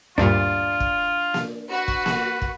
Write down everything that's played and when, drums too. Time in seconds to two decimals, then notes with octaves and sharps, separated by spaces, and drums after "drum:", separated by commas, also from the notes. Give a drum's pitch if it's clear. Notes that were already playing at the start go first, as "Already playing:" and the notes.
0.18 D2 G2 A#2 D4 F4
0.80 drum: kick
1.34 drum: snare A#3
1.70 F#4 B4
1.88 drum: kick
2.06 drum: snare A#3
2.42 drum: kick